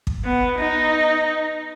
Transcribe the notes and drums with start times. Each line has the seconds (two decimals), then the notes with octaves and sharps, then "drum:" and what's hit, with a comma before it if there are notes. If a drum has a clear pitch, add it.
0.07 drum: kick
0.24 B3
0.59 D#4